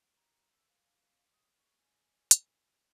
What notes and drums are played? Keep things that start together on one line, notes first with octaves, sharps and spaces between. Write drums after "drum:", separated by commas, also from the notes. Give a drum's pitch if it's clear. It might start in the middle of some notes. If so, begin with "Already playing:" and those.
A#5
E6
F5
D#6
C#6
G#5
drum: hi-hat